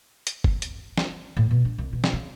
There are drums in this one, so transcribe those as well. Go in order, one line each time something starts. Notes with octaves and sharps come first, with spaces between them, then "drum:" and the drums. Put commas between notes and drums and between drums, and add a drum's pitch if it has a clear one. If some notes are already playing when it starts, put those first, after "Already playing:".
drum: hi-hat
drum: kick
drum: hi-hat
drum: snare
A2
B2
D4
C2
B2
drum: snare
C#3